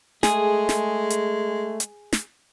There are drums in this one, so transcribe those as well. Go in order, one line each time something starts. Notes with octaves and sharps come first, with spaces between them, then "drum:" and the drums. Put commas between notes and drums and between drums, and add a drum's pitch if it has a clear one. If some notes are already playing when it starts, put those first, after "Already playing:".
G#3 A3 G#4, drum: snare
drum: snare
drum: hi-hat
drum: hi-hat
drum: snare